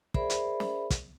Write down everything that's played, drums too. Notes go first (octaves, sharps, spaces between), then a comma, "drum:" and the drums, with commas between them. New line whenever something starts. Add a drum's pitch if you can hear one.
G#4 A#4 C5 D5 E5 B5, drum: kick
drum: hi-hat
drum: snare
drum: kick, hi-hat